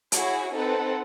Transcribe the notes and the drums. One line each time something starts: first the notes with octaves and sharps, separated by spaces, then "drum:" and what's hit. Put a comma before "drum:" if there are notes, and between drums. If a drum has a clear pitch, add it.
E4 F#4 G#4 C#5, drum: hi-hat
C4 D#4 A4 B4 F#5